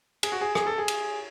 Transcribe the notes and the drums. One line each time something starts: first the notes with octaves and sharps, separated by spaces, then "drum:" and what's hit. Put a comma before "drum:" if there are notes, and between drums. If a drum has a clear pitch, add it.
G#4, drum: cymbal
F#4
G#4
G#4, drum: rim click
A4
G#4
drum: cymbal